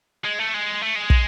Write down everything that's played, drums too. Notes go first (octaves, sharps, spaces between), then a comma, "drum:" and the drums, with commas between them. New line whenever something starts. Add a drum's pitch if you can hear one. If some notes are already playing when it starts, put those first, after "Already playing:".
G#3
A3
G#3
A3
G#3
drum: kick